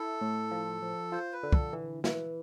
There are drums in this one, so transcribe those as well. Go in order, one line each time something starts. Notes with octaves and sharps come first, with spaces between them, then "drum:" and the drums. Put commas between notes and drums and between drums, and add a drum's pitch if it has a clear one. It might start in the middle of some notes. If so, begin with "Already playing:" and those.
Already playing: E4 A4
A2
F3
F3
F4 C5
B4
D3
A4, drum: kick
E3
E3, drum: snare